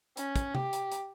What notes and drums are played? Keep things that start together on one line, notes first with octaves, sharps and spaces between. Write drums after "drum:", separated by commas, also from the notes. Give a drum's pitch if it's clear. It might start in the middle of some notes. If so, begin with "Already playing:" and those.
C#4, drum: hi-hat
drum: kick, hi-hat
G4, drum: tom C3
drum: hi-hat
drum: hi-hat